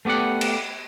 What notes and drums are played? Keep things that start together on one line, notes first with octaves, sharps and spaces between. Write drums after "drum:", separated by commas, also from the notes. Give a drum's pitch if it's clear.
A3 B3 G4 D5 F#5
drum: cymbal